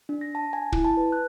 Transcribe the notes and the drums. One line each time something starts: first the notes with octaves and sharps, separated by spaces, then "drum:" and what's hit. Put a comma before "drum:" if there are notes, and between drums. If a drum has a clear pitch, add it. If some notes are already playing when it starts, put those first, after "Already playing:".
D4
A#6
A5
G#5
E4, drum: kick
A5
B4
F#6